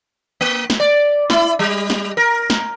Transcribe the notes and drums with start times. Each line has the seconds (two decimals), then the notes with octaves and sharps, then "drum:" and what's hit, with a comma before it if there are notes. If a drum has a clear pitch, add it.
0.41 A#3
0.70 drum: snare
0.80 D5
1.30 E4, drum: snare
1.59 G3
1.90 drum: snare
2.17 A#4
2.50 drum: snare